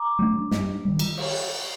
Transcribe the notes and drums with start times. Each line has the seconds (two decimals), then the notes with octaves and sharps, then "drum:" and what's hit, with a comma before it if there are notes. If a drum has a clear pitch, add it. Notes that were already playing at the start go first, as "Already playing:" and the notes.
Already playing: A#5 D6
0.19 F#3 A3 D4
0.51 G2, drum: snare
0.85 D#3 G3
0.99 drum: cymbal
1.17 drum: cymbal